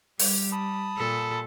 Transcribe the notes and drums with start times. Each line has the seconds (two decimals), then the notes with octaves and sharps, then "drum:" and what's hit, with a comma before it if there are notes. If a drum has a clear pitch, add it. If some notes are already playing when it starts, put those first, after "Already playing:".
0.19 G3, drum: open hi-hat
0.52 A5 B5 D#6
0.97 A#2 A4